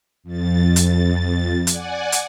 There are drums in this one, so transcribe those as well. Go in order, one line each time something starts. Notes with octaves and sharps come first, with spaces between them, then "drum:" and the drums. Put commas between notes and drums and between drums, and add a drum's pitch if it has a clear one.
F2 A6
drum: hi-hat
D5 F#5 G#5, drum: hi-hat
drum: hi-hat